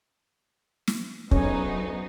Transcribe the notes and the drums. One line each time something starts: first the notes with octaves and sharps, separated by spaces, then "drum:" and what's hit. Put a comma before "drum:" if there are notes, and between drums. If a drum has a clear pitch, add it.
drum: snare
D2 F#3 B3 C#4 D#4, drum: kick